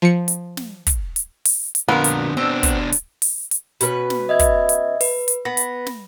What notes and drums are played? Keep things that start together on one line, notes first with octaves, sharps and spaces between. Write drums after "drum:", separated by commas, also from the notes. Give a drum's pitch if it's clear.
F3 C#7
drum: hi-hat
drum: snare
drum: kick, hi-hat
drum: hi-hat
drum: open hi-hat
drum: hi-hat
F2 A#2 D3 B3 A#4
drum: hi-hat
B2 C4 D4
drum: kick, hi-hat
drum: hi-hat
drum: open hi-hat
drum: hi-hat
B2 C#4 B4, drum: hi-hat
drum: snare
D#5 E5 G#6
drum: kick, hi-hat
drum: hi-hat
B4, drum: open hi-hat
drum: hi-hat
B3 A#6
drum: hi-hat
drum: snare